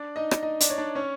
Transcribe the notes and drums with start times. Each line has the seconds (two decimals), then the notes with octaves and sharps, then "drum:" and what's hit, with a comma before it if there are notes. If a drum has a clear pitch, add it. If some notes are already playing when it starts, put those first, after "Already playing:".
Already playing: D4 D5
0.16 D#4 D#5
0.31 drum: rim click
0.43 D#4 D#5
0.60 D4 D5, drum: hi-hat
0.70 C#5
0.78 D4 D5
0.95 C#4 C#5